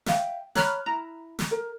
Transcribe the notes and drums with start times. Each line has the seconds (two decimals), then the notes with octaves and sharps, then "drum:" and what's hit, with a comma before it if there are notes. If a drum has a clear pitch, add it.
0.06 E5 F5 G5, drum: snare
0.55 C#5 A#5 B5 F6 F#6, drum: snare
0.86 E4 A#5
1.39 drum: snare
1.51 A#4